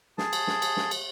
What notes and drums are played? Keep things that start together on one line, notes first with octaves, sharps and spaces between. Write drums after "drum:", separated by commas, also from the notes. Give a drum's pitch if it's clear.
G#4 A5, drum: snare
drum: cymbal
drum: snare
drum: cymbal
drum: snare
drum: cymbal